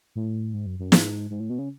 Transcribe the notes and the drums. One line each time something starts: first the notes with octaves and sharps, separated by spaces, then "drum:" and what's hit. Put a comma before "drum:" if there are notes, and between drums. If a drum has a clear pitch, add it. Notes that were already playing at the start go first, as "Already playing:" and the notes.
A2
G#2
F#2
F#2
G#2, drum: snare
G#2
A2
B2
C#3